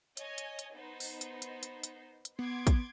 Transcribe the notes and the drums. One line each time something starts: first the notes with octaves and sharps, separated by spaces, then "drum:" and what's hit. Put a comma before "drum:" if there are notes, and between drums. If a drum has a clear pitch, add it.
C#5 D#5 G#5, drum: hi-hat
drum: hi-hat
drum: hi-hat
B3 D#4 C5
drum: open hi-hat
drum: hi-hat
drum: hi-hat
drum: hi-hat
drum: hi-hat
drum: hi-hat
B3 C6 D6 G#6
drum: kick, hi-hat